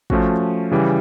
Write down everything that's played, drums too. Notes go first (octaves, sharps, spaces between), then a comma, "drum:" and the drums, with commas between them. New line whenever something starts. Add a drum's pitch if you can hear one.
F3 A3 C#4 F#4, drum: kick
C#3 E3 G3